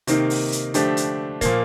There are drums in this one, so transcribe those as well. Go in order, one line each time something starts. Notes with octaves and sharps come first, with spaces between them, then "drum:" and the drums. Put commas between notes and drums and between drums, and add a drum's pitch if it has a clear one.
C3 D#3 A#3 D#4, drum: hi-hat
drum: open hi-hat
drum: hi-hat
D3 F3 A3 D4 G4, drum: hi-hat
drum: hi-hat
A#2 F3 A#3, drum: kick, hi-hat